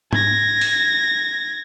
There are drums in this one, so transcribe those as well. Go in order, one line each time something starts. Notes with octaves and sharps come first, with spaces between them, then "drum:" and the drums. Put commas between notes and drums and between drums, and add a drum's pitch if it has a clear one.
G#6 A#6, drum: tom G#2
drum: open hi-hat